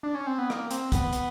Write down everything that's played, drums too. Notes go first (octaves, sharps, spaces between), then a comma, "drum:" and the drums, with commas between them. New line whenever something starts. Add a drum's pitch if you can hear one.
D4
C#4
C4
B3
A#3, drum: rim click
C4, drum: hi-hat
B3, drum: kick, hi-hat
B3, drum: hi-hat